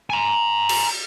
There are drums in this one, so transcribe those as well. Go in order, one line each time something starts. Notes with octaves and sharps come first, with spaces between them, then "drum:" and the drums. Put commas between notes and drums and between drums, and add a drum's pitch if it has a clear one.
G#5 A#5
drum: cymbal